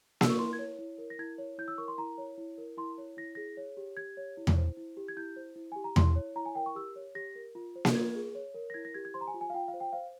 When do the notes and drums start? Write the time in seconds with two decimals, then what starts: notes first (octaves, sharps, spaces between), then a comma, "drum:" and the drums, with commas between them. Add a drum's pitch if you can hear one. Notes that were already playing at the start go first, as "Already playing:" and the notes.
0.21 E6, drum: snare A#3
0.30 C#6
0.39 E4 C6
0.53 G#6
0.59 C#5
0.79 E4
0.98 A#4
1.10 A#6
1.19 E4 G#6
1.38 C#5
1.58 E4 G6
1.68 E6
1.78 A#4 C#6
1.88 C6
1.98 E4 A#5
2.18 C#5
2.38 E4
2.58 A#4
2.78 E4 C6
2.98 C#5
3.17 E4 A#6
3.35 G#4 A#6
3.57 C#5
3.77 G4
3.97 G4 G#6
4.17 C#5
4.37 E4
4.47 drum: tom E2
4.57 C5
4.77 E4
4.97 G4
5.08 G#6
5.17 E4 G6
5.36 C5
5.56 E4
5.72 G4 G#5
5.84 A#5
5.96 E4 C6, drum: tom E2
6.16 C#5
6.36 E4 A#5
6.46 G#5
6.55 A#4 G5
6.66 C#6
6.75 G4 E6
6.96 C#5
7.15 G4 A#6
7.35 A#4
7.55 F4
7.76 C5
7.85 drum: snare A#3
7.95 F4 G#6
8.15 G#4
8.35 C#5
8.55 A#4
8.70 A#6
8.74 E4 G#6
8.85 A#6
8.94 G4 G#6
9.05 G#6
9.14 C5 C6
9.21 A#5
9.27 G#5
9.34 F4
9.41 G#5
9.50 F5
9.54 F4 G5
9.68 F5
9.74 C5
9.80 G5
9.93 C5 F5